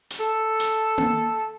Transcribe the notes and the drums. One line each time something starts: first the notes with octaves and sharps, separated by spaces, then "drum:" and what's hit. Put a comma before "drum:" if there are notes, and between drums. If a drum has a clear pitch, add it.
drum: hi-hat
A4
drum: hi-hat
drum: tom A#3